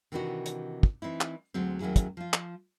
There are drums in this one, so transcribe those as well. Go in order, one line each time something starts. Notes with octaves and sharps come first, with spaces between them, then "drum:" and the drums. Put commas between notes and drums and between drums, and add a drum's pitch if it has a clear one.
C3 D#3 E3 D4 D#4 F#4
drum: hi-hat
drum: kick
E3 C4 D#4 E4
drum: clap
D2 F#3 G#3 C4
D#2 F#3 C#4 E4 G#4
drum: kick, hi-hat
F3 F4
drum: clap